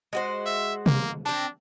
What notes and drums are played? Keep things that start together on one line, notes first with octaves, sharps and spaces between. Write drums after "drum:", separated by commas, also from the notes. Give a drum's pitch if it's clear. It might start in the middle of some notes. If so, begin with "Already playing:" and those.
G#3 F#4 C5
E5
A#3, drum: tom C3
C4 D4 A5